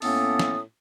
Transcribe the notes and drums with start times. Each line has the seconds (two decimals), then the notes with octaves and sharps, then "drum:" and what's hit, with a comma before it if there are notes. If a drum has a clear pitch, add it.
0.02 A2 A#3 B3 C#4 A4 D#6, drum: open hi-hat
0.39 drum: snare